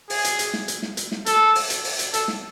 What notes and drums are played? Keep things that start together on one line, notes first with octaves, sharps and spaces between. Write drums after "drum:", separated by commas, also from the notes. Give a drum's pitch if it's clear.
G#4, drum: open hi-hat
drum: hi-hat
drum: hi-hat
drum: snare
drum: hi-hat
drum: snare
drum: hi-hat
drum: snare
A4, drum: hi-hat
drum: open hi-hat
drum: hi-hat
drum: open hi-hat
drum: hi-hat
A4, drum: hi-hat
drum: snare